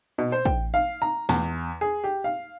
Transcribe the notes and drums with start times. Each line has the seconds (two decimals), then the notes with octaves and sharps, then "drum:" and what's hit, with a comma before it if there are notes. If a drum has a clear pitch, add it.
0.18 B2
0.32 C5
0.45 G5, drum: kick
0.74 F5
1.02 A#5
1.29 E2, drum: snare
1.81 G#4
2.04 G4
2.24 F5